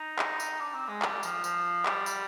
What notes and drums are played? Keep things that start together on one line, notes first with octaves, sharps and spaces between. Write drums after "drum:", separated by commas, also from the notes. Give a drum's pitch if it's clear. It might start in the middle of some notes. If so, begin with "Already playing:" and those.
Already playing: D#4
drum: clap
drum: tambourine
D4
C4
G#3
G3, drum: clap
F3, drum: tambourine
F3, drum: tambourine
G3, drum: clap
drum: tambourine